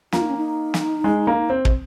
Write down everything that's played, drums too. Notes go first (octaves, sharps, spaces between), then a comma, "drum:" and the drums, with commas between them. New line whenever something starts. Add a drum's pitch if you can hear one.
A#3 F4, drum: snare
D#4
C#4
D#4
drum: snare
G#3
A#3
C4
drum: kick